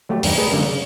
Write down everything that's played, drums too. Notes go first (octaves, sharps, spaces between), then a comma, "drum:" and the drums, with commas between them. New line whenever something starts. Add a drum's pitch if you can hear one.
F#3 A3 F#4 G4
E2 G2 D4 D#4, drum: open hi-hat
A3 G4 G#4 A#4 B4
F#2 D3 G#3 A#3 D4 D#4
C#3